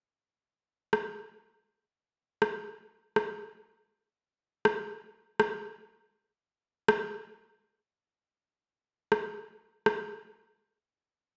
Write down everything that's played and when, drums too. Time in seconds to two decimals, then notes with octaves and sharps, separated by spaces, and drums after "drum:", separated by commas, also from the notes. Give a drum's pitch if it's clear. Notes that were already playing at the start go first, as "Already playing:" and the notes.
Already playing: G3
0.38 F3
0.93 drum: rim click
1.86 D#3
2.42 drum: rim click
3.16 drum: rim click
4.10 C3
4.65 drum: rim click
4.83 D3
5.40 drum: rim click
6.88 drum: rim click
7.07 D3
7.19 D#3
7.30 D3
7.44 D3
7.55 C3
7.66 D3
7.82 G2
8.51 G2
8.56 G#2
9.12 drum: rim click
9.86 drum: rim click
10.05 A#2
10.23 G#2
10.42 G3
10.60 G#2
10.71 A#2
10.79 G#2
11.17 A#2